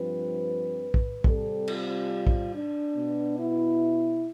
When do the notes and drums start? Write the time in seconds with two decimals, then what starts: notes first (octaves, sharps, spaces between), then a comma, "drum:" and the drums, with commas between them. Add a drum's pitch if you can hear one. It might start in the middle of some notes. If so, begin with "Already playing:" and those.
Already playing: G2 F3 C4 B4
0.94 drum: kick
1.24 C3 G3 C4 A4, drum: kick
1.68 F4, drum: cymbal
2.27 drum: kick
2.53 D4
2.95 B2 B3
3.38 E4